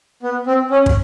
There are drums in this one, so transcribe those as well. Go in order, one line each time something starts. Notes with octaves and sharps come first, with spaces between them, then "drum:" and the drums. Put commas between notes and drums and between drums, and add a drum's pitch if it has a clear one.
B3
C4
C#4
drum: kick